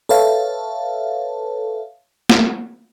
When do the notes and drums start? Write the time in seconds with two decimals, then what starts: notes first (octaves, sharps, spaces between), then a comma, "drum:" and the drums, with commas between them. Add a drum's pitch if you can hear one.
0.09 A4 B4 C#5 E5 F5 A5
2.29 drum: snare